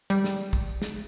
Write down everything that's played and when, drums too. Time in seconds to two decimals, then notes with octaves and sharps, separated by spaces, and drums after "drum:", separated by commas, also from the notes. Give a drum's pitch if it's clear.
0.10 G3, drum: tambourine
0.24 drum: snare
0.39 drum: tambourine
0.53 drum: kick, tambourine
0.67 drum: tambourine
0.82 drum: snare